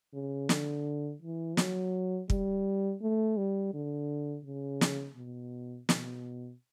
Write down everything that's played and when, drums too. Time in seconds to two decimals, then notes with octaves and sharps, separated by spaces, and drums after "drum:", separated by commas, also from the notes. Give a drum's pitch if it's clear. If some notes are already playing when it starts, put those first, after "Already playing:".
0.14 C#3
0.49 D3, drum: snare
1.22 E3
1.57 F#3, drum: snare
2.30 G3, drum: kick
3.02 A3
3.37 G3
3.74 D3
4.45 C#3
4.81 drum: snare
5.17 B2
5.89 B2, drum: snare